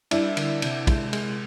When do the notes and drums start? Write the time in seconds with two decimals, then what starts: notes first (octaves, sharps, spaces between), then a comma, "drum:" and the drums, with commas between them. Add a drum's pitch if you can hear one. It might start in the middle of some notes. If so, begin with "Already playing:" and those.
0.11 G3 D4 E4, drum: cymbal
0.37 D3, drum: cymbal
0.62 C3, drum: cymbal
0.87 G#3, drum: kick, cymbal
1.13 G#3, drum: cymbal